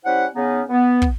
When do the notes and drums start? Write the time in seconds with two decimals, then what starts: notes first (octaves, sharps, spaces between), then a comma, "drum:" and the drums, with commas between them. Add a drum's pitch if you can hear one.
0.05 G3 C#4 E4 C5 F#5
0.35 C#3 B3 C#4 D#4
0.69 B3
1.02 drum: kick